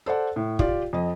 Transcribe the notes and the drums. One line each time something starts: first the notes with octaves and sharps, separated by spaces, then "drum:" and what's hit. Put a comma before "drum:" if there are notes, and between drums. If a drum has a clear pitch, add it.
A4 C5 D5 F#5
A2
F4 G4 D5, drum: kick
F2 D#5